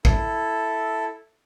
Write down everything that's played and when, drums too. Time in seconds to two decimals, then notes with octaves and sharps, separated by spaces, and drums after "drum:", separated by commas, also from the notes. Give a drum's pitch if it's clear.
0.05 E4 A4, drum: kick